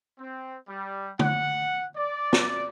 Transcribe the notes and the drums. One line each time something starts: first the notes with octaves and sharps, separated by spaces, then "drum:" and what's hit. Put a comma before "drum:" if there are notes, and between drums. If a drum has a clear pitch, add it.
C4
G3
F#5, drum: tom D3
D5
drum: snare